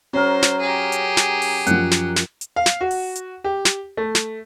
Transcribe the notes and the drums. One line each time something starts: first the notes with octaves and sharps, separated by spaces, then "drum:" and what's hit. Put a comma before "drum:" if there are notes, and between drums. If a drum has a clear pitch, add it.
F#3 C#4 A#4 C5
drum: snare
G4 G#4
drum: hi-hat
drum: snare
drum: open hi-hat
F#2 F3 F#5, drum: hi-hat
drum: snare
drum: snare
drum: hi-hat
F5
drum: snare
F#4
drum: open hi-hat
drum: hi-hat
G4
drum: snare
A3
drum: snare